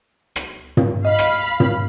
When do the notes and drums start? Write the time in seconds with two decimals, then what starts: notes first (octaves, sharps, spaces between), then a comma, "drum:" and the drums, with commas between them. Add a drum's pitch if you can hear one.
0.36 drum: rim click
0.77 drum: tom
1.05 D#5 F5 B5
1.18 drum: rim click
1.60 drum: tom